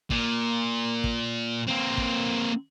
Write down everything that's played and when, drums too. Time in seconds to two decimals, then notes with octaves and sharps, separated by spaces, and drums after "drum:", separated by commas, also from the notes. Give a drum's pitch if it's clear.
0.10 A#2, drum: kick
1.04 drum: kick
1.68 A#3 C4
1.97 drum: kick